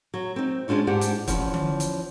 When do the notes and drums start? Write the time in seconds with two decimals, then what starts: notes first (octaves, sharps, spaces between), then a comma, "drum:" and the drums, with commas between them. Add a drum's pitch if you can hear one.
0.14 F#3
0.36 C4 D#4
0.68 G#3 C#4 D4 F4 F#4
0.87 G#2 D4 G4 F#5
1.01 drum: hi-hat
1.28 E2 F3 C#4, drum: kick, hi-hat
1.54 drum: tom D3
1.80 drum: hi-hat